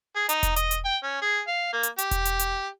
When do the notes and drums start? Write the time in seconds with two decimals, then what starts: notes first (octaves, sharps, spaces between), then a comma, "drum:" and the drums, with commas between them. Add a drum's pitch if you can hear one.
0.16 G#4
0.29 D#4, drum: hi-hat
0.43 drum: kick E1, hi-hat
0.56 D#5, drum: hi-hat
0.71 drum: hi-hat
0.85 G5
1.03 C#4
1.22 G#4
1.48 F5
1.73 A#3
1.83 drum: hi-hat
1.98 G4, drum: hi-hat
2.11 drum: kick E1, hi-hat
2.25 drum: hi-hat
2.39 drum: hi-hat